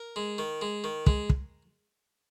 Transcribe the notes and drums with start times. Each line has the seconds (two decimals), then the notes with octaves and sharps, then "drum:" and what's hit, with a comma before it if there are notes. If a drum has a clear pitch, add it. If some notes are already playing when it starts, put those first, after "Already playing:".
Already playing: A#4
0.16 G#3
0.38 D#3
0.61 G#3
0.84 D#3
1.07 G#3, drum: kick
1.30 drum: kick